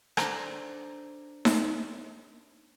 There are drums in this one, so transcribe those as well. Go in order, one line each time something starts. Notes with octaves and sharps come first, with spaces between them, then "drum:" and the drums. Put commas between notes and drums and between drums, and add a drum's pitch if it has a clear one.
D4 A4 C5 A#5, drum: rim click
drum: snare D#4